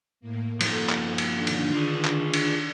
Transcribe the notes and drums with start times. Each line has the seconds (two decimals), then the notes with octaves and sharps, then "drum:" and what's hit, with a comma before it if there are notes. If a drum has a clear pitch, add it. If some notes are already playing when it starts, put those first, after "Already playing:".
0.20 A2 A#3
0.61 F3 A#3 D#4 A4, drum: cymbal
0.89 drum: clap
1.18 drum: cymbal
1.34 D3 D#3 D4
1.47 drum: cymbal
1.73 F4 G#4
2.05 drum: clap
2.34 drum: cymbal